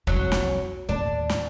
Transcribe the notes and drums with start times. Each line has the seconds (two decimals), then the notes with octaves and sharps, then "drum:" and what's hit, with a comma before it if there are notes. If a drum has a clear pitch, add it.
0.07 C2 F2 F#3, drum: kick
0.32 drum: snare
0.89 D#2 A2 D4
1.29 drum: snare